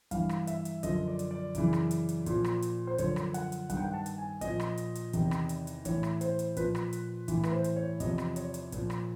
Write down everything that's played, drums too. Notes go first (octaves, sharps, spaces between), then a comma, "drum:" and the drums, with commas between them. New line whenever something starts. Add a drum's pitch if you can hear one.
G2 E3 F5, drum: kick, hi-hat
drum: rim click
E5, drum: hi-hat
drum: hi-hat
F#2 D3 F3 D#5, drum: kick, hi-hat
D5
drum: hi-hat
D5
F#2 C#3 E3, drum: kick, hi-hat
drum: rim click
drum: hi-hat
drum: hi-hat
A#2 F3, drum: kick, hi-hat
drum: rim click
drum: hi-hat
C5
F#2 D3 F3 C#5, drum: kick, hi-hat
drum: rim click
F#5, drum: hi-hat
drum: hi-hat
G2 D#3 F#5, drum: kick, hi-hat
G5
F#5
A5
drum: hi-hat
G#5
A#2 F3 D#5, drum: kick, hi-hat
drum: rim click
drum: hi-hat
drum: hi-hat
E2 C3 D#3, drum: kick, hi-hat
drum: rim click
drum: hi-hat
drum: hi-hat
A2 E3 C#5, drum: kick, hi-hat
drum: rim click
C5, drum: hi-hat
drum: hi-hat
A#2 F3 B4, drum: kick, hi-hat
drum: rim click
drum: hi-hat
A2 E3, drum: kick, hi-hat
B4, drum: rim click
C5
drum: hi-hat
C#5
E2 C3 F3 D#5, drum: kick, hi-hat
drum: rim click
C#5, drum: hi-hat
drum: hi-hat
A#2 F3, drum: kick, hi-hat
drum: rim click